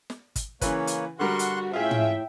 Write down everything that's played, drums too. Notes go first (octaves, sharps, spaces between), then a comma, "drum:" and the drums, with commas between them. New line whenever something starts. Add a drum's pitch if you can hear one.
drum: snare
drum: kick, hi-hat
C#3 E3 A#3 B4 C#5, drum: kick, hi-hat
drum: hi-hat
D3 G3 F#4 A#4 F#5 C6 C#6 F#6
drum: hi-hat
A2 C#4 F4 G#4 E5 G5
drum: tom